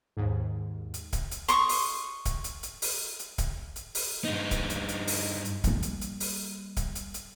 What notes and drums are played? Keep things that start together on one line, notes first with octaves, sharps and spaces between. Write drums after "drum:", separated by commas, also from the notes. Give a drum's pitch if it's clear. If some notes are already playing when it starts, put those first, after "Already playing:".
D#2 G#2
drum: hi-hat
drum: kick D1, hi-hat
drum: hi-hat
C6 C#6 D#6, drum: hi-hat
drum: open hi-hat
drum: kick D1, hi-hat
drum: hi-hat
drum: hi-hat
drum: open hi-hat
drum: hi-hat
drum: kick D1, hi-hat
drum: hi-hat
drum: open hi-hat
G2 D#4
drum: kick D1, hi-hat
drum: hi-hat
drum: hi-hat
drum: open hi-hat
drum: hi-hat
G3 A#3, drum: kick D1, hi-hat
drum: hi-hat
drum: hi-hat
drum: open hi-hat
drum: kick D1, hi-hat
drum: hi-hat
drum: hi-hat